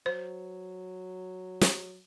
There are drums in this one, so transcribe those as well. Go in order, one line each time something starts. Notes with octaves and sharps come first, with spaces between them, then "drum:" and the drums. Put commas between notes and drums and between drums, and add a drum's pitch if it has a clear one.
F#3 C5
drum: snare